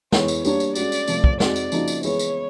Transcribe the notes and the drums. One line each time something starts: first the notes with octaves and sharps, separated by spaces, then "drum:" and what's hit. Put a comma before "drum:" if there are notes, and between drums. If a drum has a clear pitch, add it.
E3 G#3 B3 C#5, drum: snare
drum: tambourine
G3 A#3 D4 G4 C#5, drum: tambourine
drum: tambourine
G#3 C#4 F#4 D5, drum: tambourine
drum: tambourine
C3 F3 A3, drum: tambourine
drum: kick
G#3 C4 D#4 F#4 D5, drum: snare
drum: tambourine
C#3 F3 A#3 D#4 F#4, drum: tambourine
drum: tambourine
E3 G#3 B3 E4 G#4 C#5, drum: tambourine
drum: tambourine